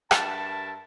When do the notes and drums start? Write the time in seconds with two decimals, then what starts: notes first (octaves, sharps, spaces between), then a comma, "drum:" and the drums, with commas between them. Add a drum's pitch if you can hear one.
0.11 G2 A#4 E5 A5, drum: rim click